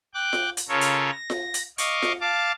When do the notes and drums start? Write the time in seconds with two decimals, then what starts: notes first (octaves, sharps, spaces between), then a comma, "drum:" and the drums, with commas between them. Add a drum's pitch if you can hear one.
0.14 G5 D6 F#6
0.33 drum: snare F4
0.57 drum: hi-hat
0.69 C#3 F4 A4 A#4 C#5
0.81 drum: hi-hat
1.12 A#6
1.30 drum: snare F4
1.54 drum: hi-hat
1.78 D#5 F5 C#6 D6, drum: hi-hat
2.02 drum: snare F4
2.21 F5 A5 D6